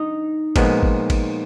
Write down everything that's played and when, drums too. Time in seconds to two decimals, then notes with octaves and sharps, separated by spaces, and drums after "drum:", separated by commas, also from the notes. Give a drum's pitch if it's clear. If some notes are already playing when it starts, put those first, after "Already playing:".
Already playing: D#4
0.56 A#2 F3 G#3 B3, drum: kick G#1, cymbal
0.83 drum: kick G#1
1.10 drum: kick G#1, cymbal